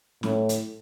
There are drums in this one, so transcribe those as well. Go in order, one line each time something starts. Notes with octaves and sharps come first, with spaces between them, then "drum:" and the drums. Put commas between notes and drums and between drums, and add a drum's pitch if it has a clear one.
A2, drum: snare
drum: hi-hat